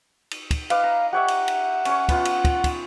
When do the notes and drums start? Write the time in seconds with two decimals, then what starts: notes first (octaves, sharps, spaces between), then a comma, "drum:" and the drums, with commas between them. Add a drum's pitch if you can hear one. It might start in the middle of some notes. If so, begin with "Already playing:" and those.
0.31 drum: cymbal
0.51 drum: kick, cymbal
0.70 B4 D#5 F5 D6, drum: cymbal
0.84 A#5
1.13 G4 C#5 E5 F#5
1.28 drum: cymbal
1.48 drum: cymbal
1.85 C#4 C#5, drum: cymbal
2.09 B3 F4, drum: kick, cymbal
2.25 drum: cymbal
2.45 drum: kick, cymbal
2.64 drum: kick, cymbal